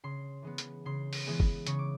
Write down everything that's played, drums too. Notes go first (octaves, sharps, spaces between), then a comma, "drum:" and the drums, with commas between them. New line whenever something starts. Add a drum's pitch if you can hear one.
C#3 C6
E3 G#3 B3
drum: hi-hat
C#3 C6
drum: open hi-hat
E3 G#3 B3
drum: kick F#1
C#3 C#6, drum: hi-hat
D6